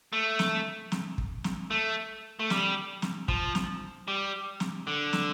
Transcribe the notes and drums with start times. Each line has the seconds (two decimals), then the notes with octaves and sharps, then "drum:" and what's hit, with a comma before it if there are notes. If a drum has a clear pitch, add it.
0.13 A3
0.39 drum: snare
0.92 drum: snare
1.18 drum: kick
1.44 drum: snare
1.71 A3
2.39 A3
2.50 G3, drum: snare
3.02 drum: snare
3.28 F3, drum: kick
3.55 drum: snare
4.08 G3
4.60 drum: snare
4.87 D3
5.13 drum: snare